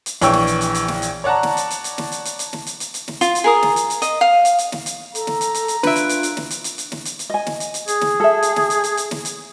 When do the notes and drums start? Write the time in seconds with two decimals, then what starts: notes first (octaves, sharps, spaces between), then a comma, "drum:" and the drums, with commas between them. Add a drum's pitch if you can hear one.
0.06 drum: hi-hat
0.22 A#1 E3 C#5 G5 C#6 E6, drum: hi-hat
0.33 drum: snare
0.47 drum: hi-hat
0.61 drum: hi-hat
0.75 drum: hi-hat
0.88 drum: snare
1.02 drum: hi-hat
1.24 C#5 D5 F#5 A5 A#5
1.43 drum: snare
1.57 drum: hi-hat
1.71 drum: hi-hat
1.84 drum: hi-hat
1.98 drum: snare
2.12 drum: hi-hat
2.25 drum: hi-hat
2.39 drum: hi-hat
2.53 drum: snare
2.67 drum: hi-hat
2.80 drum: hi-hat
2.94 drum: hi-hat
3.08 drum: snare
3.21 F4, drum: hi-hat
3.35 drum: hi-hat
3.44 G#4 A#4 D#6
3.63 drum: snare
3.76 drum: hi-hat
3.90 drum: hi-hat
4.02 D#5, drum: hi-hat
4.21 F5
4.45 drum: hi-hat
4.59 drum: hi-hat
4.72 drum: snare
4.86 drum: hi-hat
5.15 A4 A#5, drum: hi-hat
5.27 drum: snare
5.41 drum: hi-hat
5.55 drum: hi-hat
5.68 drum: hi-hat
5.83 D4 F4 B4 E5 F#6 D7, drum: snare
5.96 drum: hi-hat
6.09 drum: hi-hat
6.23 drum: hi-hat
6.37 drum: snare
6.51 drum: hi-hat
6.64 drum: hi-hat
6.78 drum: hi-hat
6.92 drum: snare
7.05 drum: hi-hat
7.19 drum: hi-hat
7.30 D#5 G#5
7.47 drum: snare
7.60 drum: hi-hat
7.74 drum: hi-hat
7.88 G#4, drum: hi-hat
8.01 drum: snare
8.20 A4 E5
8.43 drum: hi-hat
8.56 drum: snare
8.70 drum: hi-hat
8.84 drum: hi-hat
8.97 drum: hi-hat
9.11 drum: snare
9.25 drum: hi-hat